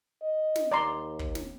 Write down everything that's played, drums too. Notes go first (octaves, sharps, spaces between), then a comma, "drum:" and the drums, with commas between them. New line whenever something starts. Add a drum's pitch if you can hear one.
D#5
drum: snare
D#2 D5 A#5 C6
drum: kick
drum: snare